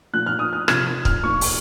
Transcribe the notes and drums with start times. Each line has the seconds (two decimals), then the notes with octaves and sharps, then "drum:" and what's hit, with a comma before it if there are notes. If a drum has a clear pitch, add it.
0.13 A#2 F3 F#6
0.26 F6
0.39 D#6
0.53 F6
0.68 C3 F3 G#6, drum: rim click
0.87 G#6
1.05 F6, drum: kick
1.23 A#2 F3 C#6
1.41 drum: open hi-hat